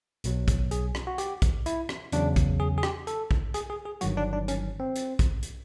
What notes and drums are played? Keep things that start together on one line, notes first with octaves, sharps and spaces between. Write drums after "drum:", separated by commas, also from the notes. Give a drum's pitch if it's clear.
B1 B2 F#3, drum: hi-hat
drum: kick, hi-hat
G#4, drum: hi-hat
drum: rim click
F#4
G4, drum: hi-hat
drum: kick, hi-hat
E4, drum: hi-hat
drum: rim click
E2 C#3 F#3 D4, drum: hi-hat
drum: kick, hi-hat
G#4
G#4
G4, drum: rim click
A4, drum: hi-hat
drum: kick
G#4, drum: hi-hat
G#4
G#4
G1 G2 D#3 F#3 F#4, drum: hi-hat
D4
D4
C#4, drum: hi-hat
C4
drum: hi-hat
drum: kick, hi-hat
drum: hi-hat